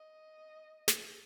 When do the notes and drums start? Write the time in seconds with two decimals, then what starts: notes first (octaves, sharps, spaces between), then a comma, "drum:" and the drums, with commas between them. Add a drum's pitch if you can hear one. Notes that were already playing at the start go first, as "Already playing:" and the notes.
Already playing: D#5
0.88 drum: snare